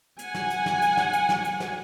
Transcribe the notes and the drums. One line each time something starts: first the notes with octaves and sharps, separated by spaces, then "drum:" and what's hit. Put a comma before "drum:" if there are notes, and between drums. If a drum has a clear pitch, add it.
F#5 G#5, drum: hi-hat
drum: snare
drum: hi-hat
drum: snare
drum: hi-hat
drum: snare
drum: hi-hat
drum: snare
drum: hi-hat
drum: snare